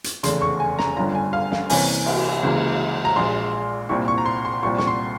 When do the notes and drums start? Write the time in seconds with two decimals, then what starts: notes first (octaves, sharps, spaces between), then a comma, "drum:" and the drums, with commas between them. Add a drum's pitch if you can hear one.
0.04 drum: hi-hat
0.23 F1 E2 C#3 C6, drum: hi-hat
0.42 C#6
0.60 G#5
0.79 A#5, drum: snare
0.97 G1 G2 G3 C#4 F4 A#5
1.15 G#5
1.33 F5
1.52 F5, drum: snare
1.70 C2 C3 E3 A#3 C#4 G#5, drum: open hi-hat
2.06 drum: cymbal
2.43 C#2 C#3 E3 A#3
3.05 A#5
3.16 A#1 A#2 G#3 C6
3.89 C2 A#2 G3 C4 E4 C#6
4.08 C#6
4.18 A#5
4.25 C6
4.45 C6
4.63 C2 A#2 G3 C4 F4 C#6
4.78 C#6, drum: snare
4.87 C6